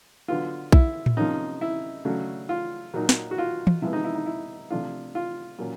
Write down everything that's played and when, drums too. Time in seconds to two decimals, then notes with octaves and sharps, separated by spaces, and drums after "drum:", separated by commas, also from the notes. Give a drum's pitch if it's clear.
0.28 D3 F#3 B3 F4
0.72 E4, drum: kick B1
1.06 drum: tom A2
1.17 C3 F3 A#3 C#4 D#4
1.61 E4
2.05 C#3 F#3 A3 D4
2.49 F4
2.94 A#2 F#3 A#3 D#4
3.09 drum: snare
3.31 F#4
3.38 F4
3.67 drum: tom
3.82 C3 F3 G#3 B3 E4
3.93 D#4
4.04 E4
4.15 D#4
4.26 E4
4.70 C3 F3 A3 D4 F4
5.15 F4
5.59 A#2 F#3 A#3 C#4